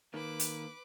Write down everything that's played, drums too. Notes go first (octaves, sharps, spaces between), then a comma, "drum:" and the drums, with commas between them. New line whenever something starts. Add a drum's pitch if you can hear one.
D#3 A#3 B4 D6
drum: hi-hat